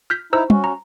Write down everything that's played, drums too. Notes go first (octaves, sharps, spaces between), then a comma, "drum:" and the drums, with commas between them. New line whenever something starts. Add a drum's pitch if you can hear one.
F6 G6 B6
D#4 E4 C5 A#5 E6
C#4 F#4, drum: tom
A#5